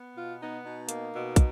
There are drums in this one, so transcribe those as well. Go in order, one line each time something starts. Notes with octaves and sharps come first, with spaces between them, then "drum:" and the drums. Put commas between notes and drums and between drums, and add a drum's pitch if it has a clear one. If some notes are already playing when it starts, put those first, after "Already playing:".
Already playing: B3
B2 F4
B3 D#4
B2 D#4
A#3, drum: hi-hat
B2
drum: kick, hi-hat